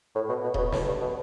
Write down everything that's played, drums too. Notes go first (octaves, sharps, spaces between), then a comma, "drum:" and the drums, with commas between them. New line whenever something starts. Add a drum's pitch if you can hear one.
A2
B2
B2
C#3, drum: kick D#1
B2
A2, drum: snare
G2
B2